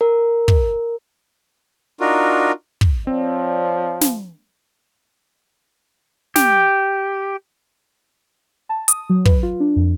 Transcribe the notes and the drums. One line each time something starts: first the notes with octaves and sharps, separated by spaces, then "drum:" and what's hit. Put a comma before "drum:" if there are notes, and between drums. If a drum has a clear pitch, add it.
A#4
drum: kick
D4 D#4 F4 F#4 A#4
drum: kick
F3 C4 C#5 D5
drum: snare
G4, drum: snare
A5
D#6, drum: hi-hat
F#3
B4, drum: kick
F4
D4
F2